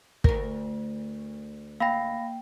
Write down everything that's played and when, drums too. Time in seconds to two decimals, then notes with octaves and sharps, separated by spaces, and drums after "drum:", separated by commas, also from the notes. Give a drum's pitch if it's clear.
0.24 D2 A#4, drum: kick
1.80 A#3 F5 G5 B5 A#6